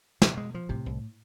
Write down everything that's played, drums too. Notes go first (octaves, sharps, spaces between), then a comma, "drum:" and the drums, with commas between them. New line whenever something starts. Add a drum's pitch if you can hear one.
B2 F3, drum: snare
G#3
F3
A2 C3
C2